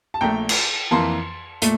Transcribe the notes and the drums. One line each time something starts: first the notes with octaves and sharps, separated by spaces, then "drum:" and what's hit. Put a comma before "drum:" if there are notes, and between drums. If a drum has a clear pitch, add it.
A5
A#1 A#2 A3 G5 A#5
drum: cymbal
F2 E3 A#3 A5 C6
A#2 A3, drum: hi-hat